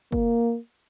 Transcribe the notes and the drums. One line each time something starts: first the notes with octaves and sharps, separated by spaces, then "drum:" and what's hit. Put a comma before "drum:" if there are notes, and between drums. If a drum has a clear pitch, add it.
A#3, drum: kick